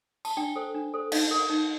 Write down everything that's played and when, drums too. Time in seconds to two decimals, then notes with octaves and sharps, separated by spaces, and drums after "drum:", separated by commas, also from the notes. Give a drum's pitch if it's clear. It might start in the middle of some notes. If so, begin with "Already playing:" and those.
0.25 A5, drum: tambourine
0.37 D4 G5
0.56 A4 C5
0.75 D4
0.94 A4 C5
1.12 D#4 F5, drum: cymbal
1.31 A#4
1.49 D#4